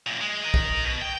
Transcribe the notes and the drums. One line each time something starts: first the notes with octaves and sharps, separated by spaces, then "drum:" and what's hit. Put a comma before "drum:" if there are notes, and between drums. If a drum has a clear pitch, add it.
F#2 A#2
G#3
A#4 D#5
drum: kick
B2
G5